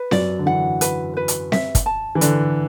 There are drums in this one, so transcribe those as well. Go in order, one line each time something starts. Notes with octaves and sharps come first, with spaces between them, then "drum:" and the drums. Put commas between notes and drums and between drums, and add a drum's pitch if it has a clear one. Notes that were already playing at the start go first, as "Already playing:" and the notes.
Already playing: B4
F#2 F#3 D5, drum: snare C4
D3
E3 F#5
B4, drum: hi-hat
B4
drum: hi-hat
E5, drum: snare C4
drum: kick, hi-hat
A5
E3
D3 A4, drum: hi-hat